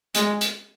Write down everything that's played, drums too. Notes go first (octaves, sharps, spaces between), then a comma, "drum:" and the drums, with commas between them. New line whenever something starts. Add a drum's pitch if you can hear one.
G#3, drum: hi-hat
drum: hi-hat